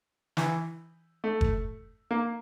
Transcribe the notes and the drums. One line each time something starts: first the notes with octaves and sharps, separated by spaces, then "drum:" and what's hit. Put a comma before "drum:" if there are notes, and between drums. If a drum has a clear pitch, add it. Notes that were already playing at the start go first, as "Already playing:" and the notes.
E3, drum: snare
A3
drum: kick
A#3